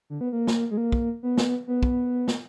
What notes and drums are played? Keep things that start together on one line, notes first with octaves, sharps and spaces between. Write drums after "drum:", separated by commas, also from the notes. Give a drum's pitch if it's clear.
D3
B3
A#3
drum: snare
G#3
A#3
drum: kick
B3
drum: snare
B3
drum: kick
drum: snare